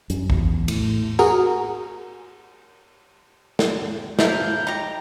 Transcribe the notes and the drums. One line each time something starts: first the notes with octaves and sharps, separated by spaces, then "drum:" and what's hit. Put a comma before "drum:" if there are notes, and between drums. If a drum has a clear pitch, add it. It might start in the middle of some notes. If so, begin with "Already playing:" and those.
F#2, drum: hi-hat
E2, drum: kick
A2, drum: cymbal
F#4 G#4 A#4, drum: tambourine
drum: snare
F3 E4 A#4 G6, drum: snare
D#4 G4 A#5